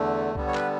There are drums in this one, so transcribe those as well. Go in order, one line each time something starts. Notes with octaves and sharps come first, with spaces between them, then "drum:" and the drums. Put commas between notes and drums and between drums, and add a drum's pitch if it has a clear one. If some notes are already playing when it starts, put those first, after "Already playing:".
Already playing: E2 D3 A3
D3 G3 B3, drum: kick C#2
C#5
B4, drum: clap